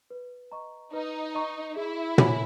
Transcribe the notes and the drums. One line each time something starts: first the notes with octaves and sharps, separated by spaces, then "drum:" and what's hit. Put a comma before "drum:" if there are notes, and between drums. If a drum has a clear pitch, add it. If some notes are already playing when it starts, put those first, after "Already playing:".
B4
D#5 A#5 C#6
D#4 B4
D#5 A#5 C#6
E4 G#4
C#5 G#5 B5, drum: tom